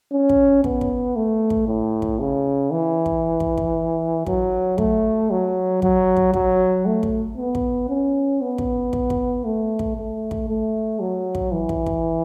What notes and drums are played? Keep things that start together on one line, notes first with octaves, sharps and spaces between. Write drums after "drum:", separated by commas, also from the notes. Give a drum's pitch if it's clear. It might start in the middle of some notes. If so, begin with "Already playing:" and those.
C#4
drum: kick
B3, drum: kick
drum: kick
A3
drum: kick
A2
drum: kick
C#3
E3
drum: kick
drum: kick
drum: kick
F#3, drum: kick
A3, drum: kick
F#3
F#3, drum: kick
drum: kick
F#3, drum: kick
A3
drum: kick
B3
drum: kick
C#4
B3
drum: kick
drum: kick
drum: kick
A3
drum: kick
A3
drum: kick
A3
F#3
drum: kick
E3
drum: kick
drum: kick